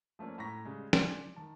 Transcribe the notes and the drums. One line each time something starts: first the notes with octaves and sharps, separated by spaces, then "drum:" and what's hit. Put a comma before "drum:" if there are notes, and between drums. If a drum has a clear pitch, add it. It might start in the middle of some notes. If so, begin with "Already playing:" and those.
F3 A3 A#3 C#4 D4
A2 A#5 C#6 A#6 B6
C#3 G3 G#3
D5 G#5 C6 D6, drum: snare
D#3 A5